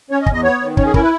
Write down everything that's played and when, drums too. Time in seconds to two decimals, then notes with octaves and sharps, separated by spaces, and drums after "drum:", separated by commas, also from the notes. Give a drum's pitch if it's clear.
0.10 C#4 C#5
0.22 D#5
0.26 E2, drum: kick
0.33 D#5
0.43 B3 C#5
0.61 D#3
0.77 C#4 C#5, drum: kick
0.86 G#4
0.94 E4 A#4, drum: kick
1.03 B4